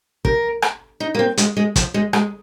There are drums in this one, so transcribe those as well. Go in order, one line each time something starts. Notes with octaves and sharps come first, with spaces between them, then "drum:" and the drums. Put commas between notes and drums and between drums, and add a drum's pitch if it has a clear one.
A#4, drum: kick
drum: rim click
D#4
A#3
C4
G#3, drum: hi-hat
G#3
F3, drum: kick, hi-hat
G#3
G#3, drum: rim click